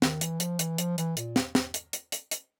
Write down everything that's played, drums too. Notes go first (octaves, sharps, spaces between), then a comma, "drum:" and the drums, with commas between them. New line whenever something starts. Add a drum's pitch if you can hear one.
D#3, drum: snare
E3, drum: hi-hat
F3, drum: hi-hat
E3, drum: hi-hat
F3, drum: hi-hat
E3, drum: hi-hat
A#2, drum: hi-hat
drum: snare
drum: snare
drum: hi-hat
drum: hi-hat
drum: hi-hat
drum: hi-hat